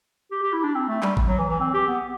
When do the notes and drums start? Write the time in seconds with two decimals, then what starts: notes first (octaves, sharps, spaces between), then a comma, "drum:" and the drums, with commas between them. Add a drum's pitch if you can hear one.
0.31 G4
0.43 G4
0.53 E4
0.64 D4
0.75 C4
0.89 A3
1.03 G3, drum: clap
1.17 drum: kick G#1
1.28 F#3
1.38 E3
1.49 E3
1.60 C4
1.74 G4
1.88 B3